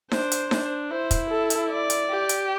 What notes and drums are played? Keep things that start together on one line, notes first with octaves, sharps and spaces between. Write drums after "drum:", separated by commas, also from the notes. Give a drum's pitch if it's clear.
D4 C5, drum: snare D#4
drum: hi-hat
D4, drum: snare D#4
E4 C5
drum: kick, hi-hat
A4
drum: hi-hat
D5
drum: hi-hat
G4
drum: hi-hat